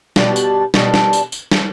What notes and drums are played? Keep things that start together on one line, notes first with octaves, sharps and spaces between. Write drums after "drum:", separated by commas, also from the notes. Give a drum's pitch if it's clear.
B2 G3 D4, drum: snare
drum: tambourine
B2 G3 D4, drum: snare
drum: snare
drum: tambourine
drum: tambourine
drum: snare